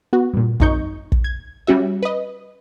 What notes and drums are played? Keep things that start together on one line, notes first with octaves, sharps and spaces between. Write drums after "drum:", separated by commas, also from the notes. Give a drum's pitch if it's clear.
B3 F#4
G2 A#2
G#1 F#2 D#4 C#6 G6, drum: kick
drum: kick
G#6
G3 C#4 F#4 E5
B4 D#5